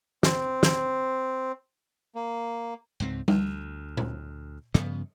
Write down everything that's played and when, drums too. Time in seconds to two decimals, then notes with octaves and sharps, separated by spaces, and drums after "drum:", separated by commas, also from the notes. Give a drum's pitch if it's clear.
0.23 C4, drum: snare
0.63 drum: snare
2.15 A#3
3.00 C#2 G#2 G3 C4
3.28 D2, drum: tom G3
3.97 drum: tom A#2
4.74 G2 C#3 F3 B3, drum: rim click